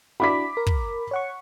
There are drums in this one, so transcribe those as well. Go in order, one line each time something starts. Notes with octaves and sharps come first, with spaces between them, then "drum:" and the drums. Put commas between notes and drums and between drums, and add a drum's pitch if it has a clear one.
D4 E4 F#4 B5 D6 B6
A#4
drum: kick
C#5 F#5 C#6